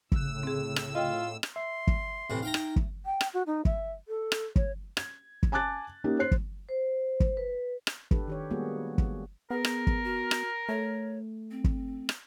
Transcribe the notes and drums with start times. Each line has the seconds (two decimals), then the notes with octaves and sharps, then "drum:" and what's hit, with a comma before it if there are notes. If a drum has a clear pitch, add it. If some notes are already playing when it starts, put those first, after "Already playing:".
0.12 C2 A2 C#3 E6 F#6, drum: kick
0.43 C4 G#4
0.76 drum: rim click
0.95 F4 D#5 G5
1.43 drum: rim click
1.56 E5 C6
1.87 drum: kick
2.30 A2 C3 E3
2.42 D#4 F5 G5 A#5
2.54 drum: rim click
2.76 drum: kick
3.06 G5
3.21 drum: rim click
3.34 F#4
3.47 D#4
3.65 E5, drum: kick
4.08 A4
4.32 drum: rim click
4.56 C#5, drum: kick
4.97 G#6, drum: rim click
5.43 drum: kick
5.52 G#5 A5 D6 F#6 A6
6.04 A#3 C#4 D#4 G4
6.19 C5 F#6 C7
6.31 drum: kick
6.69 C5
7.20 drum: kick
7.37 B4
7.87 drum: rim click
8.11 D4 G4 A4 B4, drum: kick
8.28 D#3 G4 C#5
8.50 G3 G#3 A#3 B3 F#4 G#4
8.98 drum: kick
9.50 B3 G#4 A#4
9.65 drum: rim click
9.87 drum: kick
10.04 F#4
10.31 drum: rim click
10.69 A3 C#5
11.51 C4
11.64 drum: kick
12.09 drum: rim click